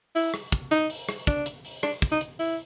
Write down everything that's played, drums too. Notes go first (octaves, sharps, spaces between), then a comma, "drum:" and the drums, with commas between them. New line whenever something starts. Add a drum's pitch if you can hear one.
E4, drum: open hi-hat
drum: rim click
drum: kick, hi-hat
D#4, drum: hi-hat
drum: open hi-hat
drum: rim click
D4, drum: kick, hi-hat
drum: hi-hat
drum: open hi-hat
D4, drum: rim click
drum: kick
D#4
drum: hi-hat
E4, drum: open hi-hat